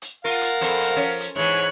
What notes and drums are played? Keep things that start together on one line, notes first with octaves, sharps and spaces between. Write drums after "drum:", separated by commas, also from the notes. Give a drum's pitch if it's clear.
drum: hi-hat
F4 A#4 F5 F#5
drum: hi-hat
F2 A4 C5, drum: hi-hat
drum: hi-hat
F3 C#4
drum: hi-hat
G#2 E3 C#5 F#6